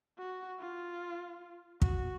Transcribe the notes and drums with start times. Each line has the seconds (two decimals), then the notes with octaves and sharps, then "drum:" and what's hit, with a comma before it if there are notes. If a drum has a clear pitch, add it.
0.18 F#4
0.60 F4
1.82 F#4, drum: kick